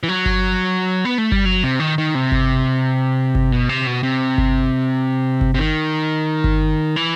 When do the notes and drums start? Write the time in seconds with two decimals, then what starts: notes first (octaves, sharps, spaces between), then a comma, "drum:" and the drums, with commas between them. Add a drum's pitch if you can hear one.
0.03 E3
0.09 F#3
0.26 drum: kick G1
1.05 B3
1.18 A3
1.32 G3, drum: kick G1
1.45 F#3
1.63 C3
1.80 D#3
1.98 D#3
2.15 C3
2.32 drum: kick G1
3.35 drum: kick G1
3.52 B2
3.69 C3
3.87 B2
4.03 C3
4.38 drum: kick G1
5.41 drum: kick G1
5.54 C3
5.59 D#3
6.44 drum: kick G1
6.96 E3